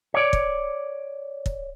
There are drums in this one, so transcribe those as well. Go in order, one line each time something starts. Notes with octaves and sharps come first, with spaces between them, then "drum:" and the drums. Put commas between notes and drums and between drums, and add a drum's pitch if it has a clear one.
C#5 D5
drum: kick
drum: kick